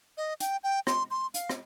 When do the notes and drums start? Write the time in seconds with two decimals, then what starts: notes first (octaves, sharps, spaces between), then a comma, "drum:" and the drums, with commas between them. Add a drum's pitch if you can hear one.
0.17 D#5
0.40 G5, drum: hi-hat
0.63 G5
0.87 C6, drum: rim click
1.11 C6
1.34 F5, drum: hi-hat
1.49 drum: rim click